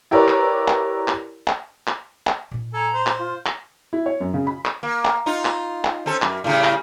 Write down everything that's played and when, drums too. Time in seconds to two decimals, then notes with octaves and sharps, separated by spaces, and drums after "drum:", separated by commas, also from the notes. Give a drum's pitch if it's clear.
0.11 E4 G4 A#4 B4 C#5 D5
0.28 drum: clap
0.68 drum: clap
1.08 drum: clap
1.48 drum: clap
1.87 drum: clap
2.27 drum: clap
2.51 A#2 D#4
2.74 A4 G#5 A#5
2.94 C5
3.07 drum: clap
3.19 F4
3.46 drum: clap
3.93 E4
4.06 C#5
4.20 F#2
4.34 C#3
4.47 B5
4.66 drum: clap
4.83 A#3
5.05 drum: clap
5.26 D#4 F4
5.45 drum: clap
5.85 drum: clap
6.06 C4 C#4 A4
6.22 F#2, drum: clap
6.44 A2 C#3 G3
6.64 drum: clap